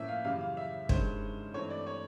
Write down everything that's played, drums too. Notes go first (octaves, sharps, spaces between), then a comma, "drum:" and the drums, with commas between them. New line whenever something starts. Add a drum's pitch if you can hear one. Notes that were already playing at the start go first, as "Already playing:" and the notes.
Already playing: A2 F3 A#3 C#4 E5
F5
F#2 C#3 E3 G3 F5
F5
E5
G2 D#3 G#3 C#4 C5, drum: kick
G2 E3 A3 C4 C#5
D5
C#5